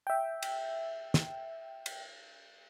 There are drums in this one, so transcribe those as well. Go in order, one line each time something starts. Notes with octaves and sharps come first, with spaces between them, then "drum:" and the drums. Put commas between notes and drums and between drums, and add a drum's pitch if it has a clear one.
E5 G5
drum: cymbal
drum: snare
drum: cymbal